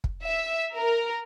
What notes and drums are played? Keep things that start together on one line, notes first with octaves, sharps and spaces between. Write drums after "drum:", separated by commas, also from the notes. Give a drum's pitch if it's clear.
drum: kick
E5
A#4